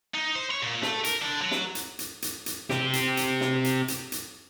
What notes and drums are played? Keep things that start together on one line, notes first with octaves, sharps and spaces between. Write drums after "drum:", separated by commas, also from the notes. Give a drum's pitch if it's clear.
D#4
C5
C#5
A#2
A3, drum: snare
A#4, drum: hi-hat
D3
F#3
drum: snare
drum: hi-hat
drum: hi-hat
drum: hi-hat
drum: hi-hat
C4 G4, drum: snare
drum: hi-hat
drum: hi-hat
drum: snare
drum: hi-hat
drum: hi-hat
drum: hi-hat